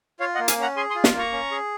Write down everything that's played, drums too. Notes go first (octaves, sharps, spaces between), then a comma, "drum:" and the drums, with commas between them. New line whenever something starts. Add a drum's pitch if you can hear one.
F4 C#5 F5
D#5 F#5
A#3
F5 G#5, drum: hi-hat
C#4 F#5 A#5
G#4 G#5 C6
C6 D#6
F4
C6 D#6, drum: snare
A#3
A#5 C#6
C#4
G#4